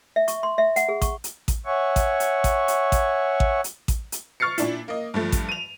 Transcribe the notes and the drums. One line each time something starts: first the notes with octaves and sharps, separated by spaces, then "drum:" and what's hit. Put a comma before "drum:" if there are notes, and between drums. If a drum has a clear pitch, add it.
E5
C#6, drum: hi-hat
C6
E5
F#5, drum: hi-hat
G#4
C#6, drum: kick A1, hi-hat
drum: hi-hat
drum: kick A1, hi-hat
C#5 E5 F#5 G#5 C#6
drum: kick A1, hi-hat
drum: hi-hat
drum: kick A1, hi-hat
drum: hi-hat
drum: kick A1, hi-hat
drum: kick A1
drum: hi-hat
drum: kick A1, hi-hat
drum: hi-hat
C#6 F6 A6 C7 C#7
A#2 D4 E4, drum: hi-hat
A#3 D#5
G2 F3 A3
drum: kick A1, hi-hat
D#7 F7